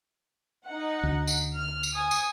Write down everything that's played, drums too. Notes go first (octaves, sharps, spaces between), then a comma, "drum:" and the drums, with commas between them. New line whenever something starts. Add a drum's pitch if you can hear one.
D#4 F#5
D2
drum: tambourine
F6
drum: tambourine
G#5 D#6
drum: tambourine